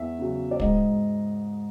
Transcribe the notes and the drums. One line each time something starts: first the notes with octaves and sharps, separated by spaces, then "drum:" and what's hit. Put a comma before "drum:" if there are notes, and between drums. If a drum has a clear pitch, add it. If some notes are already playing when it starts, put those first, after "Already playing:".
Already playing: E2 E5
C#3 F#3
D5
G#2 D#5, drum: kick